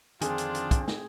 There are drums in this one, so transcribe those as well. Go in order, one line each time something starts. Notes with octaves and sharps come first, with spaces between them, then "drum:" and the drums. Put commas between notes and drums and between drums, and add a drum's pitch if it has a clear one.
F2 D3 D#3 C4 D4 F4 G#4, drum: hi-hat
drum: hi-hat
drum: hi-hat
drum: kick, hi-hat
drum: snare